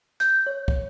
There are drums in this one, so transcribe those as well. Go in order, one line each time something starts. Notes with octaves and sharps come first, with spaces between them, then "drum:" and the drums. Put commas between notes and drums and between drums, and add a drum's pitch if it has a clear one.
G6, drum: hi-hat
C#5
drum: kick